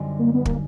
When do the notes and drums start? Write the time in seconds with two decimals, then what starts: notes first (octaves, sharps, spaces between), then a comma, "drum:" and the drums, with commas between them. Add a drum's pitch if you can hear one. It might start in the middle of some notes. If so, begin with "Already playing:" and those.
Already playing: F#2 D3 G3 C4 D#4
0.19 A#3
0.34 B3
0.45 A#3, drum: kick